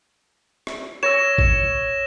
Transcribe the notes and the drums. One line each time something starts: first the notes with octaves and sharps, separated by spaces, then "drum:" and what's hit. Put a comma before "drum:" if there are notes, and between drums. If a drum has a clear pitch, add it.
drum: rim click
C#5 E6 A#6 E7
drum: kick A1